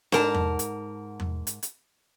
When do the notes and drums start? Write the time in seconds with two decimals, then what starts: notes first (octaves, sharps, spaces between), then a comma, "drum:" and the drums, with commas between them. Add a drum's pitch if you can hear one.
0.12 G#2 A#4 A5, drum: snare D4
0.34 drum: tom E2
0.59 drum: hi-hat
1.20 drum: tom E2
1.47 drum: hi-hat
1.63 drum: hi-hat